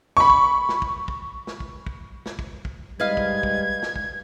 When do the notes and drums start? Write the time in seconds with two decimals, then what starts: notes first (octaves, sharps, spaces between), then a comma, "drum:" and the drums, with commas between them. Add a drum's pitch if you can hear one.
0.17 B5 C#6
0.30 drum: kick
0.69 drum: snare
0.82 drum: kick
1.08 drum: kick
1.47 drum: snare
1.60 drum: kick
1.86 drum: kick
2.26 drum: snare
2.39 drum: kick
2.65 drum: kick
3.00 G#2 G3 B4 D#5 F5 G#6
3.17 drum: kick
3.43 drum: kick
3.82 drum: snare
3.96 drum: kick